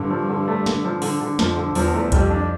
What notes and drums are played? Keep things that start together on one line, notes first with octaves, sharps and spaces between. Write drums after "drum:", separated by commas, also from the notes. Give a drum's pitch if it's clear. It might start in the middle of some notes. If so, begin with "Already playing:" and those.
Already playing: G2 D3
F3
D3
A3
D3, drum: snare
F3
D3, drum: open hi-hat
D3
F2 F3, drum: snare
D3
E2 F3, drum: open hi-hat
A3
F2 G3, drum: kick C2, hi-hat
D4